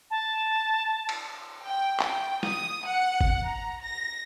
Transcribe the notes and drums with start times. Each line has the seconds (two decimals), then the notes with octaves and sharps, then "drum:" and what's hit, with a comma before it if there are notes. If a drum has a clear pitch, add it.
0.11 A5
1.09 drum: cymbal
1.63 G5
2.00 G5, drum: clap
2.43 D#6, drum: snare
2.85 F#5
3.21 drum: kick F#1
3.45 A#5
3.83 A#6